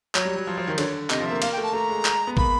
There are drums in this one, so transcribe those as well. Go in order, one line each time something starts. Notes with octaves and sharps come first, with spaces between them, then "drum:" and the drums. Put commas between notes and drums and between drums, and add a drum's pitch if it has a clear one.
F#3 C#5, drum: clap
G3
F#3
F3
F3
D#3
D3 C#5, drum: cymbal
C3 D#5, drum: clap
F3
A#3 E5
A#3 F5, drum: cymbal
G5
A3
A5
A3 A#5
G#3
drum: clap
B3
A#3 B5, drum: kick